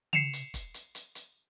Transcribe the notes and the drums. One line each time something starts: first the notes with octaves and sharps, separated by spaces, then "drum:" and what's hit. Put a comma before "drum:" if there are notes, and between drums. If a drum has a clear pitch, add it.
C7 C#7 E7 F7, drum: tom C#3
drum: hi-hat
drum: kick, hi-hat
drum: hi-hat
drum: hi-hat
drum: hi-hat